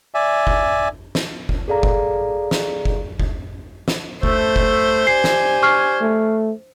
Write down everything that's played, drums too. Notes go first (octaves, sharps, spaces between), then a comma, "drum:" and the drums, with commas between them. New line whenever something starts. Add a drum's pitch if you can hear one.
D5 E5 G#5
drum: kick F#1
drum: snare
drum: kick F#1
G#4 A4 D5 F5 A#5
drum: kick F#1
drum: snare
drum: kick F#1
drum: kick F#1
drum: snare
A3 C5, drum: kick F#1
drum: kick F#1
D4 G4 G#5 C7
drum: snare
C#6 F6 C7
A3